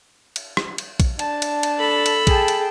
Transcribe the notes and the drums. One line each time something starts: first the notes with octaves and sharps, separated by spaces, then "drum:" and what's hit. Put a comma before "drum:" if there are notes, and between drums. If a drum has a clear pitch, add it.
drum: cymbal
drum: rim click
drum: cymbal
drum: kick A#1, cymbal
D4 A5, drum: cymbal
drum: cymbal
drum: cymbal
A4 B5
drum: cymbal
G#4 G5 A5, drum: kick A#1, cymbal
drum: cymbal